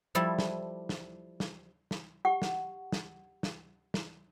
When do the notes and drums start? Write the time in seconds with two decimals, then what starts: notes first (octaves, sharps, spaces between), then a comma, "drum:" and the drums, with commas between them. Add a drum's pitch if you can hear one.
0.15 F3 G3 E4 A4
0.39 drum: snare
0.89 drum: snare
1.40 drum: snare
1.91 drum: snare
2.25 G4 F#5 C#6
2.42 drum: snare
2.92 drum: snare
3.43 drum: snare
3.94 drum: snare